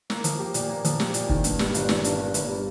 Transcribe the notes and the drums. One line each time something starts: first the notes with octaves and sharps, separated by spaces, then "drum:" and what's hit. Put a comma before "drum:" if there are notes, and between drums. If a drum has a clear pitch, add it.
A#3, drum: snare
F3, drum: hi-hat
G4
A#2, drum: hi-hat
A#3
F3, drum: hi-hat
G4, drum: snare
A#2, drum: hi-hat
D#3, drum: kick
G2, drum: hi-hat
G3, drum: snare
G1, drum: hi-hat
D#3, drum: snare
G2, drum: hi-hat
G3
G1, drum: hi-hat
G3